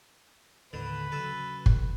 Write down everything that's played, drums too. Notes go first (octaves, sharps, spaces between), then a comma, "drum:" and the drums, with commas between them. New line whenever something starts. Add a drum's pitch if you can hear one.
D#2 A2 D3 B4
C#3 F#3 A4
drum: kick G1